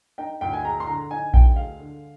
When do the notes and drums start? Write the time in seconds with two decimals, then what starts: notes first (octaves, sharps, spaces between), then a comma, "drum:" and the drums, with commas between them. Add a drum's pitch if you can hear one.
0.18 D#4 G5
0.41 D2 G5
0.53 G#5
0.65 G#3 A#5
0.80 C6
0.87 D3 A#5
1.11 D#4 G#5
1.34 D2 G5, drum: kick A#1
1.56 G#3 F5
1.80 D3